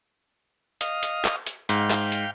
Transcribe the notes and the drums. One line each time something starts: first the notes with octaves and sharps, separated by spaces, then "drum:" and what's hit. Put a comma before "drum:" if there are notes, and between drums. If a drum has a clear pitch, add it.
D#5 F5, drum: hi-hat
drum: hi-hat
drum: clap
drum: hi-hat
G#2 F5 G5, drum: hi-hat
drum: clap
drum: hi-hat